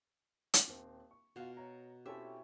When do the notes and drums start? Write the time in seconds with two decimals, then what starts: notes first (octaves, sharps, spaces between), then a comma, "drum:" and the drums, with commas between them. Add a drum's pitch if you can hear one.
0.54 drum: hi-hat
0.68 D#1 C4
1.11 C#6
1.36 B2 F4 F#4 F5
1.57 C#5 A#5
2.06 C4 C#4 E4 G4 A4 E5